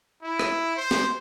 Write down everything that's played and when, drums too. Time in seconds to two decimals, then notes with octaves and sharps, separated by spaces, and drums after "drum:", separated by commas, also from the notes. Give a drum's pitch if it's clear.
0.23 E4
0.39 drum: rim click
0.77 C5
0.91 drum: snare B3